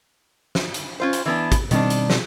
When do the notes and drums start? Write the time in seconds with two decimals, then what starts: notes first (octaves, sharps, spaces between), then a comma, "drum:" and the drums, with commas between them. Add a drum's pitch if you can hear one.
0.55 drum: snare
0.74 drum: hi-hat
1.00 C#4 F4 C5
1.13 drum: hi-hat
1.26 E3 B3 D4
1.52 drum: kick, hi-hat
1.71 B2 D#3 G3 C4 D4, drum: hi-hat
1.90 drum: hi-hat
2.10 drum: snare